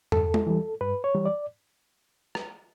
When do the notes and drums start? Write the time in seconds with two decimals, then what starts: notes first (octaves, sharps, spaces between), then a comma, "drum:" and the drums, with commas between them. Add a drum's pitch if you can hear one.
0.12 G2 A4, drum: tom
0.34 drum: tom G#3
0.47 E3 G3
0.80 G2 B4
1.04 C#5
1.14 E3 G3
1.26 D5
2.35 drum: rim click